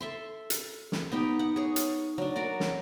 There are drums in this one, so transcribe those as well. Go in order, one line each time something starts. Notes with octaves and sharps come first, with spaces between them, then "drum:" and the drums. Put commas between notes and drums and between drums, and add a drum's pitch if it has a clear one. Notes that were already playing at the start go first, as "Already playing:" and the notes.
A4 E5 C6
drum: hi-hat
drum: snare
B3 D#4 G4
F#5
G#4 C#5
drum: hi-hat
F#3 D4
F#4 A#4 D5
drum: snare